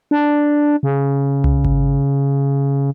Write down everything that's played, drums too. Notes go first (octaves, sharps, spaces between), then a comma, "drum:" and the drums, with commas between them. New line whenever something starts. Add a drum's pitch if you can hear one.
D4
C#3
drum: tom C2
drum: kick G#1